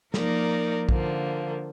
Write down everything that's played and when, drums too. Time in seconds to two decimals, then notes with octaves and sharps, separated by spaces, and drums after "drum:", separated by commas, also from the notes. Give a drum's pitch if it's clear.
0.14 F3 A#3 D#4 A#4 D5, drum: snare
0.89 D3 F3 A#3, drum: kick A#1